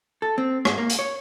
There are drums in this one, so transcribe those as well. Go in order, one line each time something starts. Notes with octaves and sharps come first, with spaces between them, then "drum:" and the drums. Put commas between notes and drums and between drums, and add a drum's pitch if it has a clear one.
A4
C4
G#2, drum: rim click
A#3
drum: hi-hat
C#5